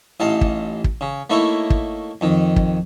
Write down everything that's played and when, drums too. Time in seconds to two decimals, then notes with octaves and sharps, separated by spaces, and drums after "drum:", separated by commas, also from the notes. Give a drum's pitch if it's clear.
0.20 A1 D#4 F5 A5
0.41 drum: kick
0.84 drum: kick
1.01 C#3
1.30 A3 A#3 D#4 E4 C#5
1.70 drum: kick
2.21 F2 D#3
2.56 drum: kick